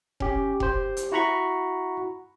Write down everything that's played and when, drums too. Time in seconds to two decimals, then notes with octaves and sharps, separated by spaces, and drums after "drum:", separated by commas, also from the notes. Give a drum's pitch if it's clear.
0.20 C#4 G4, drum: kick F1
0.60 G4 C5, drum: kick F1
0.97 drum: hi-hat
1.12 E4 F#4 F#5 A#5 B5 C#6